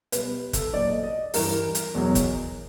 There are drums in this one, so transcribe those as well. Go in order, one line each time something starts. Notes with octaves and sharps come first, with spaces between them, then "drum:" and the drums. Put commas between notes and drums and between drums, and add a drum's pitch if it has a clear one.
B2 G3 B4, drum: hi-hat
A4, drum: kick G1, hi-hat
A#2 F#3 D5
D#5
D#5
G2 E3 G3 A#4, drum: open hi-hat
drum: hi-hat
E2 B2 F#3
drum: kick G1, hi-hat